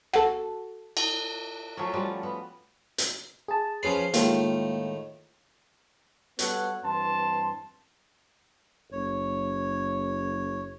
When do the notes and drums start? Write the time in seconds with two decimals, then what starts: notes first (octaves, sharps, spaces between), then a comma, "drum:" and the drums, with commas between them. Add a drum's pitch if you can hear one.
0.13 F#4 A4, drum: rim click
0.97 drum: cymbal
1.77 F3 F#3 A3 C#4
1.93 F3 G3 F4 F#4
2.23 B3
2.98 drum: hi-hat
3.48 G#4 A5
3.83 F3 C#4 G#4 B4 C7
4.14 A2 D#3 G#3 A#3 F4, drum: hi-hat
6.39 G3 B3 F#4 A4 C#5 F#5, drum: hi-hat
6.83 G2 E3 C4 A5 C6
8.92 F#1 C#5